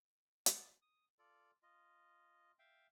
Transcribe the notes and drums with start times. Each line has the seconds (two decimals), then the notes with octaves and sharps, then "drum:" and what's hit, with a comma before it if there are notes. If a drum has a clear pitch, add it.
0.46 B3 D5 A5, drum: hi-hat
0.82 D#6
1.19 F4 A4 D5
1.63 F4 D#5
2.59 E5 F5 G5